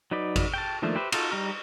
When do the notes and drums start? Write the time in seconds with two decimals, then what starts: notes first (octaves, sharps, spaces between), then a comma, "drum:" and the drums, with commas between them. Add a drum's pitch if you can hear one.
0.11 F#3 D#4 B4 D5
0.36 drum: kick G#1, cymbal
0.54 G5 A5
0.82 D#3 F3 A3 A#3 D4
0.96 G4 B4 C5 E5
1.12 D#4 F4 F#4 A4, drum: cymbal
1.31 G3 D#4 G4 A#5 F6